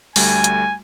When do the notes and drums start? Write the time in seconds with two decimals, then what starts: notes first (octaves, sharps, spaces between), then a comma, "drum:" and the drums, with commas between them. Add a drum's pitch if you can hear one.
0.16 D2 G3 A3 G#5, drum: open hi-hat
0.44 drum: hi-hat